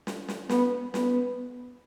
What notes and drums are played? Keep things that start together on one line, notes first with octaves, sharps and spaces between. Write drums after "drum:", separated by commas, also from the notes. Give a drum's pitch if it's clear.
drum: snare
drum: snare
B3, drum: snare
B3, drum: snare